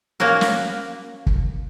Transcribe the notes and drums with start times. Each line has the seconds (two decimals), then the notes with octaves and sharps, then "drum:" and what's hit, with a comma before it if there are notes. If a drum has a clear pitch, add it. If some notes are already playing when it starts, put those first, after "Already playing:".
0.20 A#3 C#4 F#4 A#4
0.41 drum: snare
1.26 drum: kick